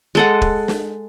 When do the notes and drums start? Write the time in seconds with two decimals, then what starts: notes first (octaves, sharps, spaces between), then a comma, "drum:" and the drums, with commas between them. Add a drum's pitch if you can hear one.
0.15 G#3 A4 F#5
0.42 drum: kick
0.68 drum: snare